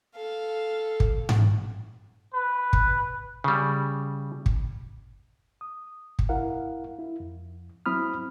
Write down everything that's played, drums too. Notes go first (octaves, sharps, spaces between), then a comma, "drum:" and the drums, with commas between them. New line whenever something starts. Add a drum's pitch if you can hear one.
A4 F5
drum: kick
drum: tom G#2
B4
drum: kick
C#3 G3
drum: kick
D#6
drum: kick
E4 A#4 F5 F#5
E4
F2
F#3 C4 E4 B5 D#6 F6